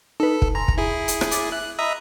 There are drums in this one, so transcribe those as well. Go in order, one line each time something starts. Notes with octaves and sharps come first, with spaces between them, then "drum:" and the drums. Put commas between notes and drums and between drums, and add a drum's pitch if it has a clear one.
D#4 A4 B4
drum: kick
G#5 A#5 C6
drum: kick
E4 G#4
drum: hi-hat
drum: rim click
D6 A6, drum: hi-hat
E5 F#6
D#5 E5 A#5 B5 D#6